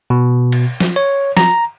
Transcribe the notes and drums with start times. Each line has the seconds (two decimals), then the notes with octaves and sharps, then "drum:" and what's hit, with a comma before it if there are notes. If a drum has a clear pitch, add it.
0.10 B2
0.52 drum: cymbal
0.80 drum: snare
0.96 C#5
1.37 A#5, drum: snare